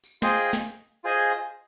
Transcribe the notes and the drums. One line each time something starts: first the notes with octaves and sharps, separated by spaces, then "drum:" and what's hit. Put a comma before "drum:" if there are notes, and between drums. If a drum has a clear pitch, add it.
drum: tambourine
F4 G#4 C5 D#5 G5, drum: snare
drum: snare
F4 G#4 C5 D#5 G#5